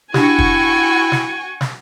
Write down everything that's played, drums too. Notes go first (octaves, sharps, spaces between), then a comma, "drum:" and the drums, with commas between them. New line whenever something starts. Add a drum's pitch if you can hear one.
D4 E4 F#4 G4 G5 G#5 C#6, drum: snare
drum: kick
drum: snare
drum: snare